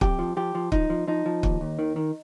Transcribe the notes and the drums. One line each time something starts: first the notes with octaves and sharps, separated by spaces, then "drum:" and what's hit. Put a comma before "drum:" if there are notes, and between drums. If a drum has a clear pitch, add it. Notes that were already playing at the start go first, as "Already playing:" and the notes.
F2 G4, drum: kick
F3
F3 G4
F3
F3 D#4, drum: kick
F3
F3 D#4
F3
D#2, drum: kick
D#2
D#3
D#3